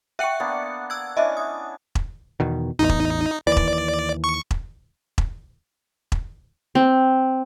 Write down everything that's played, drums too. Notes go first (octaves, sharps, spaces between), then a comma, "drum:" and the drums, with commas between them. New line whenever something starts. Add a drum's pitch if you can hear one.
E5 F#5 G5 C#6 C#7
A#3 B3 D4
E6 G#6
C#4 D4 E4 D#5 E5
D#6
drum: kick E1
E2 B2 D#3
A1 E2 D#4
drum: kick E1
D#2 E3 D5
drum: kick E1
C#6
drum: kick E1
drum: kick E1
drum: kick E1
C4